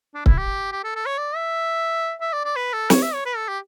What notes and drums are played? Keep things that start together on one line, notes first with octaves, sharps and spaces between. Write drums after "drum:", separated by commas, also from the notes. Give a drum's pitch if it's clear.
D4
E4, drum: kick C#1
G4
G4
A4
A4
C#5
D5
E5
E5
D5
D5
B4
A4
C#5, drum: snare
E5
C#5
B4
A4
G4